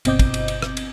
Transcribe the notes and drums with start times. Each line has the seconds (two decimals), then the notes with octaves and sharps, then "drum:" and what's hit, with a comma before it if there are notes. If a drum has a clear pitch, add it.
0.05 G1 B2 C4 D#5 D6 G6, drum: cymbal
0.19 drum: kick, cymbal
0.34 drum: cymbal
0.48 drum: cymbal
0.62 drum: rim click
0.77 drum: cymbal